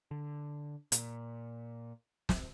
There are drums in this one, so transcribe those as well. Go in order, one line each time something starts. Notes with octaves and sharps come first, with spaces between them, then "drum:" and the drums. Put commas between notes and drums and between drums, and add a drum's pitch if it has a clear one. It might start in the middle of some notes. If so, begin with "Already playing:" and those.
D3
A#2, drum: hi-hat
drum: snare